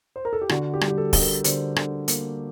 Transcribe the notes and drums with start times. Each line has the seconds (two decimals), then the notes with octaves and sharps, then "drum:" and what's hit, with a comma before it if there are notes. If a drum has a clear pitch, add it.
0.16 C5
0.25 A#4
0.33 A4
0.42 G4
0.49 D3 F#4, drum: rim click
0.74 G4
0.81 G3, drum: rim click
0.88 G4
0.98 A4
1.13 D3 A4, drum: kick, open hi-hat
1.21 A#4
1.44 D3 C5, drum: hi-hat
1.76 D3, drum: rim click
2.08 A#3, drum: hi-hat